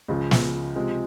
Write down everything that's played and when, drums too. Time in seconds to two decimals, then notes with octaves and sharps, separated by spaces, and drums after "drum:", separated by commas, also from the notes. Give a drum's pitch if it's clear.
0.08 C#2 C#3 F3
0.31 drum: snare
0.76 C3 F3 G#3